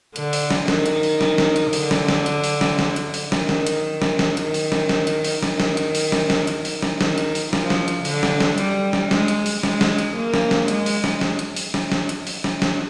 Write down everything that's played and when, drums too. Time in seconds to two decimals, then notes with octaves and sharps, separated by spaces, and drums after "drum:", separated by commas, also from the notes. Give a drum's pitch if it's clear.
0.16 D3, drum: hi-hat
0.33 drum: open hi-hat
0.51 drum: snare
0.68 D#3, drum: snare
0.86 drum: hi-hat
1.03 drum: open hi-hat
1.21 drum: snare
1.38 drum: snare
1.56 drum: hi-hat
1.73 D3, drum: open hi-hat
1.91 drum: snare
2.08 drum: snare
2.26 drum: hi-hat
2.44 drum: open hi-hat
2.61 drum: snare
2.79 drum: snare
2.96 drum: hi-hat
3.14 drum: open hi-hat
3.32 D#3, drum: snare
3.49 drum: snare
3.66 drum: hi-hat
4.02 drum: snare
4.19 drum: snare
4.37 D#3, drum: hi-hat
4.54 drum: open hi-hat
4.72 drum: snare
4.89 drum: snare
5.07 drum: hi-hat
5.24 drum: open hi-hat
5.43 D#3, drum: snare
5.60 drum: snare
5.77 drum: hi-hat
5.95 drum: open hi-hat
6.12 drum: snare
6.30 drum: snare
6.47 drum: hi-hat
6.65 drum: open hi-hat
6.82 drum: snare
7.01 D#3, drum: snare
7.18 drum: hi-hat
7.35 drum: open hi-hat
7.53 F3, drum: snare
7.70 drum: snare
7.88 drum: hi-hat
8.05 D3, drum: open hi-hat
8.23 drum: snare
8.40 drum: snare
8.58 G3, drum: hi-hat
8.93 drum: snare
9.11 G#3, drum: snare
9.28 drum: hi-hat
9.46 drum: open hi-hat
9.63 G#3, drum: snare
9.81 drum: snare
9.98 drum: hi-hat
10.16 A#3
10.34 drum: snare
10.51 drum: snare
10.68 G#3, drum: hi-hat
10.86 drum: open hi-hat
11.04 drum: snare
11.21 drum: snare
11.39 drum: hi-hat
11.56 drum: open hi-hat
11.74 drum: snare
11.92 drum: snare
12.09 drum: hi-hat
12.27 drum: open hi-hat
12.44 drum: snare
12.62 drum: snare